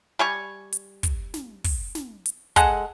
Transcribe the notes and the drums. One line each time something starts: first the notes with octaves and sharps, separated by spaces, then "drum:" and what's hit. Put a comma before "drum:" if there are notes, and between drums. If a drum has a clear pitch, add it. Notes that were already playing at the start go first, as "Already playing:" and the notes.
G3 G#5 C#6
drum: hi-hat
drum: kick, hi-hat
drum: snare
drum: kick, open hi-hat
drum: snare
drum: hi-hat
G#3 G#4 A4 F#5, drum: kick, hi-hat